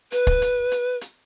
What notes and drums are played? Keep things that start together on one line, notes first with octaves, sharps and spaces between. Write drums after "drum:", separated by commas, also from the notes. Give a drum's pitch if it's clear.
B4, drum: hi-hat
drum: kick
drum: hi-hat
drum: hi-hat
drum: hi-hat